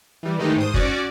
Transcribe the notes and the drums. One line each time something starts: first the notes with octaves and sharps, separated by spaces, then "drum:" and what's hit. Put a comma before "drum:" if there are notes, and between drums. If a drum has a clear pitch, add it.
E3 G3
D#3 E3 G#3 A3 D#4 G4
G#2 C5 D#6
C#4 F#4 D5, drum: kick